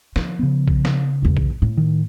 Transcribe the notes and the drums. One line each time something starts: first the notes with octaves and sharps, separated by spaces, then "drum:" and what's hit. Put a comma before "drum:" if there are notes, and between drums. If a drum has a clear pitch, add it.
F3, drum: snare
C#3 B3
drum: kick
drum: snare
G#1 E2
drum: kick
A2
D#3